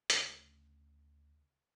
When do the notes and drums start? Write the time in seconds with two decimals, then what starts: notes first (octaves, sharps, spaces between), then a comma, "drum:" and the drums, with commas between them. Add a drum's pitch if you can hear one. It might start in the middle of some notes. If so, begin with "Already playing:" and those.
0.10 D2 C#3, drum: hi-hat